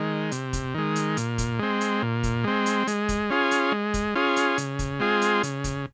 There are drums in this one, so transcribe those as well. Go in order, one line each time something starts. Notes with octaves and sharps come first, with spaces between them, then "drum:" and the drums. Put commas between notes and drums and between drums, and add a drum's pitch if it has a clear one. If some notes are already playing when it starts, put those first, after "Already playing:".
Already playing: D#3 G#3
C3, drum: hi-hat
drum: kick, hi-hat
D#3 G#3
drum: hi-hat
A#2, drum: hi-hat
drum: kick, hi-hat
G#3 C4
drum: hi-hat
A#2
drum: kick, hi-hat
G#3 C4
drum: hi-hat
G#3, drum: hi-hat
drum: kick, hi-hat
C#4 F4 G#4
drum: hi-hat
G#3
drum: kick, hi-hat
C#4 F4 G#4
drum: hi-hat
C#3, drum: hi-hat
drum: kick, hi-hat
G#3 C4 F4 G#4
drum: hi-hat
C#3, drum: hi-hat
drum: kick, hi-hat